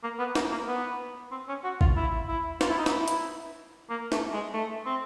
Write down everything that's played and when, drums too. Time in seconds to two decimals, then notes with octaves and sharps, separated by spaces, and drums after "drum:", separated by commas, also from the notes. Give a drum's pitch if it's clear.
0.04 A#3
0.19 B3
0.35 A#3, drum: snare
0.51 A#3
0.68 B3
1.32 C4
1.49 C#4
1.64 F#4
1.81 F4, drum: kick G#1
1.97 E4
2.28 E4
2.61 F4, drum: snare
2.70 E4
2.78 D#4
2.86 E4, drum: snare
3.08 drum: hi-hat
3.90 A#3
4.12 A3, drum: snare
4.33 G#3
4.54 A3
4.86 C4